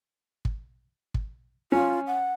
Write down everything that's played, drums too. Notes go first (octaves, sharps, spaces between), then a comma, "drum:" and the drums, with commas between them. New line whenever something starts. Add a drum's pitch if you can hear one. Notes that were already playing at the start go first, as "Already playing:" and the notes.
drum: kick
drum: kick
C#4 F4
F#5